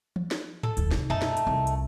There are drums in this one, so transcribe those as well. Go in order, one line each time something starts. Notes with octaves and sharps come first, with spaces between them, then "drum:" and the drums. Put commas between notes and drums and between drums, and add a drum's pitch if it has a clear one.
drum: tom E3
drum: snare
A4, drum: tom G#2
E1 D#2, drum: hi-hat
C3 D#4, drum: snare
F#2 B2 A3 D#4 A5
drum: snare
drum: hi-hat
C2 F2
drum: hi-hat